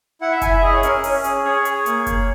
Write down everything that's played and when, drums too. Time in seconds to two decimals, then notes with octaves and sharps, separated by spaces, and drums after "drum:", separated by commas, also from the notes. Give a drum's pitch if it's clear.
0.21 E4 F#5
0.32 E5
0.42 E4 G#5, drum: kick F#1, hi-hat
0.52 E5
0.62 G#4 D#5
0.73 C#5
0.83 C#4 A#4, drum: hi-hat
1.04 C#4, drum: open hi-hat
1.24 G#4, drum: hi-hat
1.44 G#4 C#5
1.65 G#4, drum: hi-hat
1.86 A#3, drum: hi-hat
2.06 A#3, drum: kick F#1, hi-hat